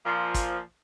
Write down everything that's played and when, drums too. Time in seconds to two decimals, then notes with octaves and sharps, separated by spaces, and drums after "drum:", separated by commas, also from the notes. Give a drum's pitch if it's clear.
0.05 A#2 F3
0.34 drum: kick, hi-hat